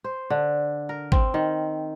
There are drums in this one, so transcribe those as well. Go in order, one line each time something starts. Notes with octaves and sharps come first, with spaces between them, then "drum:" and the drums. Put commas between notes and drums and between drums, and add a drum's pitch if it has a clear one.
C5
D3
A#4
C4, drum: kick G#1
D#3